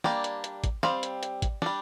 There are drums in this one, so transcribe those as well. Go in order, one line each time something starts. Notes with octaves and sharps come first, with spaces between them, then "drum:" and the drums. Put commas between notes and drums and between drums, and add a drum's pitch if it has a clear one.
G3 A#3 D4 G5, drum: snare
drum: hi-hat
drum: hi-hat
drum: kick, hi-hat
G3 C4 F5, drum: snare
drum: hi-hat
drum: hi-hat
drum: kick, hi-hat
G3 D4, drum: snare